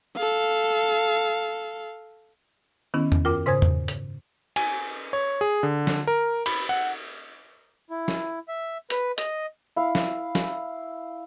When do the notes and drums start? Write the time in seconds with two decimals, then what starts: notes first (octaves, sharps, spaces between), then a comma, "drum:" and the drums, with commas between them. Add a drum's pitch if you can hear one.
0.16 A4 F5
2.94 D#3 B3 C#4 E4
3.12 drum: tom E2
3.25 F#2 F4 A#4 G5 D6
3.46 G#2 C#3 C5 G#5 D#6 G#6
3.62 drum: tom E2
3.88 drum: hi-hat
4.56 G#5, drum: cymbal
5.13 C#5
5.41 G#4
5.63 D3
5.87 drum: snare
6.07 A#4
6.46 B5, drum: cymbal
6.69 F#5
7.90 E4
8.08 drum: snare
8.48 E5
8.90 B4, drum: hi-hat
9.18 D#5, drum: hi-hat
9.76 E4 F5
9.95 drum: snare
10.35 drum: snare